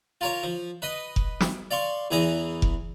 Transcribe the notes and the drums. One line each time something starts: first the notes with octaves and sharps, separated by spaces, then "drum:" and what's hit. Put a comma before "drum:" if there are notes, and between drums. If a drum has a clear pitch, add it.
F4 A#4 C#5
F3
B4 D#5
drum: kick F1
drum: snare
D5 F5 C6 C#6
E2 E3 G#4 G#5 A#5
drum: kick F1